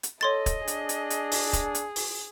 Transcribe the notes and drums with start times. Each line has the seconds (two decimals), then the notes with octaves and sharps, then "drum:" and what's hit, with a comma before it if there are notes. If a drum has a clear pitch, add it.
0.03 drum: hi-hat
0.21 A4 C#5 D#5 C6 A6
0.46 drum: kick, hi-hat
0.68 D4 G#4, drum: hi-hat
0.89 drum: hi-hat
1.10 drum: hi-hat
1.32 drum: open hi-hat
1.53 drum: kick, hi-hat
1.75 drum: hi-hat
1.96 drum: open hi-hat